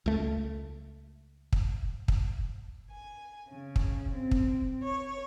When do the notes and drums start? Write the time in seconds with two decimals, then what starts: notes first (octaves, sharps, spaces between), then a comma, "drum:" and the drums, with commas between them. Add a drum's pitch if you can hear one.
0.06 C#2 A3
1.53 drum: kick
2.08 drum: kick
2.90 G#5
3.49 C#3
3.76 drum: kick
4.13 C4
4.31 drum: kick
4.81 C#5